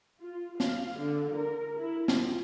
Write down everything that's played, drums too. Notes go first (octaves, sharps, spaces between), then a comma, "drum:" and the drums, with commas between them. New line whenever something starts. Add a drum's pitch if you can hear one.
F4
F5, drum: snare
D3
A#4
E4
F4, drum: snare